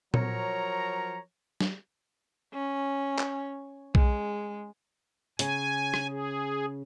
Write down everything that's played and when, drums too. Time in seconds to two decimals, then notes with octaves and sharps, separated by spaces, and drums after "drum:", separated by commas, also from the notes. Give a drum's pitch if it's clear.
0.14 F3 F#3 A#4 C#5 A#5, drum: tom A#2
1.61 drum: snare
2.53 C#4
3.19 drum: clap
3.95 G#3, drum: kick B1
5.39 C#3 G#5, drum: hi-hat
5.94 drum: rim click
6.09 G#4